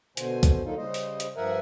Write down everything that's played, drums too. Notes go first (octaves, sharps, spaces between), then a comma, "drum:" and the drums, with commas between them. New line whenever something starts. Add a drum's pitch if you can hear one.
B2 D3 C5 G#5, drum: hi-hat
drum: kick C2, hi-hat
D3 F#3 A#3 D#4 F4 A4
C#3 G3 C5 D#5
drum: open hi-hat
drum: hi-hat
G2 F3 A#4 E5 F#5 G#5